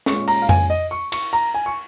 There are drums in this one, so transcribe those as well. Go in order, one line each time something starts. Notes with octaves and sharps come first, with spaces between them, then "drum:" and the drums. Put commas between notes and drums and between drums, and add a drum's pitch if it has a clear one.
A#2 G#3 C#4 C#6, drum: snare
A#5, drum: open hi-hat
F5
G#5, drum: tom F2
D#5
C#6
C#6, drum: cymbal
A#5
G#5
C#6